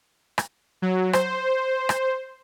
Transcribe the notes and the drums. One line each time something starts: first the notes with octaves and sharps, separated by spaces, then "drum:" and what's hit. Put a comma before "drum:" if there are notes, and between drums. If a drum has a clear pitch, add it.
drum: rim click
F#3
C5, drum: rim click
drum: rim click